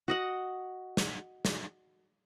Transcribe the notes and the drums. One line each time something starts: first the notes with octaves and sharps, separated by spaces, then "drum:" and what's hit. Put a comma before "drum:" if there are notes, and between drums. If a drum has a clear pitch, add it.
F#4 D#5 F#5
drum: snare
drum: snare